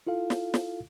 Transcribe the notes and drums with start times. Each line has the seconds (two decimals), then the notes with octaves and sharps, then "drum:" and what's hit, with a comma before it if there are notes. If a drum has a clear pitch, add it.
0.07 E4 F4 A4 F5
0.30 drum: snare
0.54 drum: snare